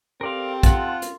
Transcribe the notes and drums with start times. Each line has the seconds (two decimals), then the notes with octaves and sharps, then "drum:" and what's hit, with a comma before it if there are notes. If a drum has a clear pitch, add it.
0.21 C4 G4 A4 A#4 D5 F5 C6
0.63 F4 F#5 A5, drum: kick, hi-hat
1.02 drum: hi-hat